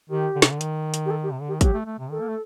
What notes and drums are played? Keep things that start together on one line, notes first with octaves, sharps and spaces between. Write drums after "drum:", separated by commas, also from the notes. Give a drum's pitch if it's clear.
D#3 G4
D3
C3, drum: snare
D3
D#3, drum: hi-hat
drum: hi-hat
G4
A4
G4
C3
D3
G4
D#3
F#3 G4, drum: kick, hi-hat
A3
A3
C3
D#3 A4
A#3
A3